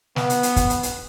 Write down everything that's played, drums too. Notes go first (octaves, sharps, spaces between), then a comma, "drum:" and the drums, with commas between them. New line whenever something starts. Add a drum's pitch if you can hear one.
B3, drum: snare
drum: hi-hat
drum: hi-hat
drum: kick, hi-hat
drum: hi-hat
drum: hi-hat